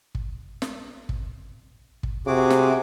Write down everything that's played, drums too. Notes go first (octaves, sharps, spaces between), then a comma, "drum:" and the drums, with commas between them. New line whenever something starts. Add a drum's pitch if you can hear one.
drum: kick
drum: snare
drum: kick
drum: kick
C3 F#4 G#4 D6
drum: snare